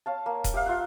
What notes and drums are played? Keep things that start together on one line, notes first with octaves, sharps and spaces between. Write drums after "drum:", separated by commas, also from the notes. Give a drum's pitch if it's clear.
C#5 F5 A5
A#3
drum: kick D#1, hi-hat
G4 E5 F5
F4 E5 F#5